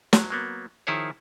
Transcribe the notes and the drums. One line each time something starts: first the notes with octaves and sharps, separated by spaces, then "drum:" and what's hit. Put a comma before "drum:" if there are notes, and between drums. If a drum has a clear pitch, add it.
F#3, drum: snare
F#3 A#3 B3
D#3 F3 E4 G#4 C5 C#5